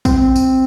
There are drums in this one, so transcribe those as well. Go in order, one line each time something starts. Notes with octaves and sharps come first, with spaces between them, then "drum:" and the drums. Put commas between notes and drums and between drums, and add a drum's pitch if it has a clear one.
C4, drum: kick, tambourine
drum: tambourine